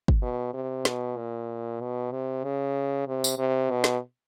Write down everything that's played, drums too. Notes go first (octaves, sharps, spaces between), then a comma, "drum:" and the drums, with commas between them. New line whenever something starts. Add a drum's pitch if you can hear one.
drum: kick
B2
C3
B2, drum: snare
A#2
B2
C3
C#3
C3
drum: tambourine
C3
B2
drum: snare